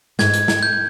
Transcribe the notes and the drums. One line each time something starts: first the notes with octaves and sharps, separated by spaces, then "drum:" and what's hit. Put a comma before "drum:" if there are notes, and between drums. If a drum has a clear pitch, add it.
G#2 G#6, drum: snare
drum: hi-hat
drum: snare
G6